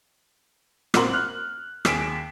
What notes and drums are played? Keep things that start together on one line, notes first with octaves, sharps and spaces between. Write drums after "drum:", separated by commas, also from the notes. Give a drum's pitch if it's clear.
A#2 C4 F#4 A#4 C6 F#7, drum: rim click
F6 F#6
D#2 G#4 B6 D7 E7, drum: rim click